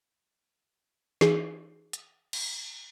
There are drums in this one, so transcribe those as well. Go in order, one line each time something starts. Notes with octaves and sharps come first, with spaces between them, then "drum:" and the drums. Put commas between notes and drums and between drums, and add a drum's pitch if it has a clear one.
E3 D#4 G#4, drum: snare
drum: hi-hat
drum: cymbal